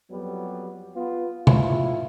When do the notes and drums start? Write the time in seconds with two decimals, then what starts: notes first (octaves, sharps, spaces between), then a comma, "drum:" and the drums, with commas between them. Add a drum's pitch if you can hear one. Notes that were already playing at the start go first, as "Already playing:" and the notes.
0.11 F2 F#3 G3 B3
0.96 B3 F4
1.47 B3 E4 F4, drum: tom C3